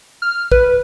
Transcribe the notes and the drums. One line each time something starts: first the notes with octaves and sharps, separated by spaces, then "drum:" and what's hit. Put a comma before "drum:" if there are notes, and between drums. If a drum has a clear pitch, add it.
F6
B4, drum: kick